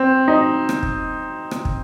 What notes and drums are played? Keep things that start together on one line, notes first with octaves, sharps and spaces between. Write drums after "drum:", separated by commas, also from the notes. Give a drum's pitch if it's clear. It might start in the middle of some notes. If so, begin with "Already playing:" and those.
Already playing: C4
D#4
drum: rim click
drum: kick
drum: rim click
drum: kick